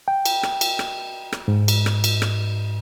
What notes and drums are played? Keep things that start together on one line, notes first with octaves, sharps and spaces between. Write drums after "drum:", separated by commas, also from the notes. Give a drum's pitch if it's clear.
G5
drum: cymbal
drum: rim click
drum: cymbal
drum: rim click
drum: rim click
G#2
drum: cymbal
drum: rim click
drum: cymbal
drum: rim click